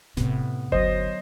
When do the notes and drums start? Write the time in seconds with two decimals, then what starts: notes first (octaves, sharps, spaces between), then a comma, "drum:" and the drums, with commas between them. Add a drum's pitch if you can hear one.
0.17 A2 C3 B3, drum: snare E1
0.72 D2 F#3 C5 D#5, drum: kick G1